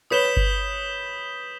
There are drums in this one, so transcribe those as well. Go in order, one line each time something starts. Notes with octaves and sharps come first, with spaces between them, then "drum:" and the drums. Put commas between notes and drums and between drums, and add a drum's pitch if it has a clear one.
B4 C#5 D#6 G6 B6 E7 G7
drum: kick G1